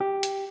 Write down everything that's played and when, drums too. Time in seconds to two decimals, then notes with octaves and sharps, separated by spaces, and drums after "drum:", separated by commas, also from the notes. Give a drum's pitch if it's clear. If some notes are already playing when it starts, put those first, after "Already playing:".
0.01 G4
0.23 drum: hi-hat